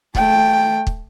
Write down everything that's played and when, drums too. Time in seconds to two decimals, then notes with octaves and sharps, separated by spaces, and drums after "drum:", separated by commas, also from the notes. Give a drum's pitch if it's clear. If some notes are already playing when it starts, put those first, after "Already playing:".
0.15 A3 G5, drum: kick
0.87 drum: kick